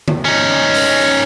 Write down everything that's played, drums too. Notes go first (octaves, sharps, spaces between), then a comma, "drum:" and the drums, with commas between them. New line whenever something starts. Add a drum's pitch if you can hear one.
drum: tom D3
C#4 D#4
drum: open hi-hat